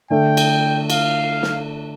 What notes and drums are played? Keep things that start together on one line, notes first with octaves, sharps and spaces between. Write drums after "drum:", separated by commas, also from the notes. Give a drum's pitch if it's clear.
D3 A3 D4 A4 G5
drum: cymbal
F5, drum: cymbal
drum: snare